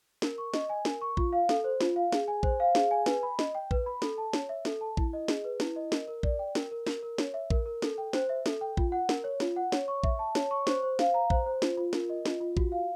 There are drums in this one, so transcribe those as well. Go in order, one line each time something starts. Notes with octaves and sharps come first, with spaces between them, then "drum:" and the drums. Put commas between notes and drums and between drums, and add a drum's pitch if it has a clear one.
A#4, drum: snare
C#6
D#5, drum: snare
G#5
A#4, drum: snare
C#6
F4, drum: kick A#1
F5
A4, drum: snare
C5
F4, drum: snare
F5
G#4, drum: snare
G#5
C5, drum: kick A#1
F5
G#4, drum: snare
G#5
B4, drum: snare
B5
D#5, drum: snare
G5
B4, drum: kick A#1
B5
A4, drum: snare
A5
C#5, drum: snare
E5
A4, drum: snare
A5
E4, drum: kick A#1
D#5
G#4, drum: snare
B4
E4, drum: snare
D#5
A#4, drum: snare
A#4
D5, drum: kick A#1
G5
A#4, drum: snare
A#4
A#4, drum: snare
A#4
C#5, drum: snare
E5
A#4, drum: kick A#1
A#4
A4, drum: snare
G5
C5, drum: snare
E5
A4, drum: snare
G5
F4, drum: kick A#1
F#5
A#4, drum: snare
C#5
F4, drum: snare
F#5
C#5, drum: snare
C#6
E5, drum: kick A#1
A5
C#5, drum: snare
C#6
C5, drum: snare
C5
F5, drum: snare
A#5
C5, drum: kick A#1
C5
F4, drum: snare
F4
A#4, drum: snare
D#5
F4, drum: snare
F4
F#4, drum: kick A#1
F5